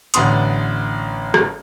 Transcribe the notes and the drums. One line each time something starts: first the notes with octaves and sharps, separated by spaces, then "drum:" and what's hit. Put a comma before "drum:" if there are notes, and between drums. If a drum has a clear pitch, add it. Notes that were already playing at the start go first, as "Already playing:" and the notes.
A1 D3 B3 C6 D#6, drum: hi-hat
drum: rim click